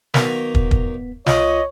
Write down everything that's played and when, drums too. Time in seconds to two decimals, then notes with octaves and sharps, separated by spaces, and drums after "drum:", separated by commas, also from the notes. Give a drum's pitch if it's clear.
0.14 D#3 F#3 A#3 B3 B6, drum: snare
0.55 drum: kick
0.71 drum: kick
1.26 C2 D#4 F4 C#5 D#5 F#5 D6, drum: snare